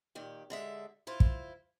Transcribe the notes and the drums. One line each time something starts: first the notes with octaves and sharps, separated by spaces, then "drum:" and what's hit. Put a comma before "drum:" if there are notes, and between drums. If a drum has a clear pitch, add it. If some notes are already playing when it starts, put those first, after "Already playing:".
A#2 D#3 G4
D3 G#3 E5
E4 F4 C5
drum: kick